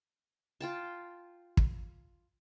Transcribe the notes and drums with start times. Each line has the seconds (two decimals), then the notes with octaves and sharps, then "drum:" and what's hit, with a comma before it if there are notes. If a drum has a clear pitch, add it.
0.61 F4 G5 A5
1.57 drum: kick